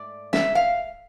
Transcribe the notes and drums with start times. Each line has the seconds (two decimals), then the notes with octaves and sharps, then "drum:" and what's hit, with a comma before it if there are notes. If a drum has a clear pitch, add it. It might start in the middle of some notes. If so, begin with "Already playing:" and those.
Already playing: G#2 A3 D5
0.33 E5, drum: snare
0.55 F5